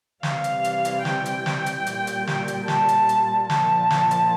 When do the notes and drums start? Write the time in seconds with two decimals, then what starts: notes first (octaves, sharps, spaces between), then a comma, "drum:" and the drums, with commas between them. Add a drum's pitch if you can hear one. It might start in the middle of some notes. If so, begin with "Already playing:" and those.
0.23 C3 E3 G3 F5, drum: snare
0.44 drum: hi-hat
0.64 drum: hi-hat
0.85 drum: hi-hat
1.05 G5, drum: snare
1.26 drum: hi-hat
1.46 drum: snare
1.66 drum: hi-hat
1.86 A#2 G3, drum: hi-hat
2.07 drum: hi-hat
2.27 drum: snare
2.48 drum: hi-hat
2.68 A5, drum: snare
2.89 drum: hi-hat
3.09 drum: hi-hat
3.50 A#2 F3 A5, drum: snare
3.90 drum: snare
4.11 drum: hi-hat